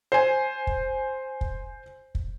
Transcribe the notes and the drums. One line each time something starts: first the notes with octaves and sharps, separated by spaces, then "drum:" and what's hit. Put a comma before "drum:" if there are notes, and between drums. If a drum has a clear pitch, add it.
C5 G#5
drum: kick
drum: kick
drum: kick